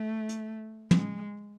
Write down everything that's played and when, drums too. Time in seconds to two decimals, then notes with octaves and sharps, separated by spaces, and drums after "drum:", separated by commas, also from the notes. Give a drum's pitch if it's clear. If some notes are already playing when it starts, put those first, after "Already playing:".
Already playing: A3
0.29 drum: hi-hat
0.91 G#3, drum: tom